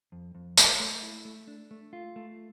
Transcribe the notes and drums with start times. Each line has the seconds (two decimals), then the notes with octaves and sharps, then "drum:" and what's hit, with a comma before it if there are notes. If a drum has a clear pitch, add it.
0.12 F2
0.35 F2
0.57 A3, drum: tambourine
0.80 A3
1.03 E4
1.25 A3
1.47 D4
1.71 A3
1.93 F4
2.16 A3